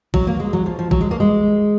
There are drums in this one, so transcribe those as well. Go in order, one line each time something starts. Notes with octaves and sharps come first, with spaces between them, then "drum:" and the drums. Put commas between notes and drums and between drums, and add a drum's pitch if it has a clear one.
F#3, drum: kick
A#3
G#3
F#3
F3
F3
F#3, drum: kick
G#3
A#3
G#3